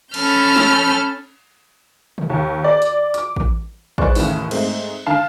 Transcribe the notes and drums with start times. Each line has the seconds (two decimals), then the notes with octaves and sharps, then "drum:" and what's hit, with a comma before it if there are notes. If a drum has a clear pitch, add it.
0.14 C#4 A4 A5 B5 F6 G6, drum: cymbal
0.56 drum: snare
2.18 drum: tom C3
2.30 D#2
2.64 D5
2.82 drum: hi-hat
3.14 D6, drum: hi-hat
3.36 drum: kick
3.98 G#4 B4 C5 D5 C#6 F#6, drum: kick
4.15 D#2 A2 C#3 E3, drum: open hi-hat
4.51 G#2 G#3 A3 C4, drum: cymbal
5.06 D3 F5 A5 F6 C7